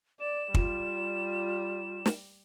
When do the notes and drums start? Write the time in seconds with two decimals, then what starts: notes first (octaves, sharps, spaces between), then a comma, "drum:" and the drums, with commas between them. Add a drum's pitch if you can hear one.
0.20 D5 E7
0.54 G3 F4, drum: kick
2.06 drum: snare